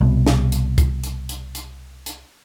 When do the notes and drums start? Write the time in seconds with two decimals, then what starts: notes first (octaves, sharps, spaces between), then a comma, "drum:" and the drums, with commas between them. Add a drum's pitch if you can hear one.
0.01 C2 B2
0.26 drum: snare
0.52 drum: hi-hat
0.78 drum: kick, hi-hat
1.04 drum: hi-hat
1.29 drum: hi-hat
1.55 drum: hi-hat
2.06 drum: hi-hat